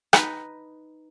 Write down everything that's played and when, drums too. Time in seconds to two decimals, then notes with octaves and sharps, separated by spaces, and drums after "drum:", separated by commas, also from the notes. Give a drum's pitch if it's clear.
0.13 D#4 B4 A#5, drum: rim click